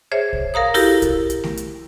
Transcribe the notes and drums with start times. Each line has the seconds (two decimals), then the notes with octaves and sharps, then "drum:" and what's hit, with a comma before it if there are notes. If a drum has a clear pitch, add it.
0.12 G#4 C5 C#5 E5
0.33 drum: kick B1
0.54 A#4 F5 A#5 D#6
0.74 E4 F#4 G4 A4 A#4, drum: open hi-hat
1.02 drum: kick B1, hi-hat
1.30 drum: hi-hat
1.44 drum: snare A3
1.57 drum: hi-hat